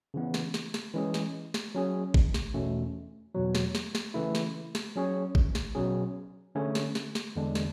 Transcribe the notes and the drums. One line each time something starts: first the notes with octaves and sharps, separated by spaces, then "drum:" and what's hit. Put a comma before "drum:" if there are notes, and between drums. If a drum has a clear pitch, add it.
C#3 E3 B3
drum: snare
drum: snare
drum: snare
E3 G#3 C#4 G#4
drum: snare
drum: snare
F#3 C#4 G#4
drum: kick G#1
drum: snare
E2 B2 A3 C#4
E2 B2 F#3
drum: snare
drum: snare
drum: snare
C#3 E3 A3 E4
drum: snare
drum: snare
F#3 C#4 G#4 C#5
drum: kick G#1
drum: snare
B2 F#3 C#4 G#4
D3 A3 C#4 G#4 C#5
drum: snare
drum: snare
drum: snare
E2 D3 G#3 D4
drum: snare